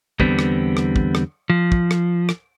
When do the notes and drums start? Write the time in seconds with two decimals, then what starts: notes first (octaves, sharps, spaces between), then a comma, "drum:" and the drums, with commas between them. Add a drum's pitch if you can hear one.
0.20 E2 D3 G3 B3 C4, drum: kick
0.39 drum: rim click
0.77 drum: rim click
0.96 drum: kick
1.15 drum: rim click
1.50 F3
1.72 drum: kick
1.91 drum: rim click
2.29 drum: rim click